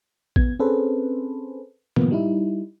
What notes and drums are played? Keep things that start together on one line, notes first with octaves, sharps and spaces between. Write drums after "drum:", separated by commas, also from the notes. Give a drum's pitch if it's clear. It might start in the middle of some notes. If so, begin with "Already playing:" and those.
B3 G#6, drum: kick
C4 C#4 G#4 A4 B4 C5
A2 C3 D#3 F3 A#3 B3, drum: tom A2
G3 D#4 E4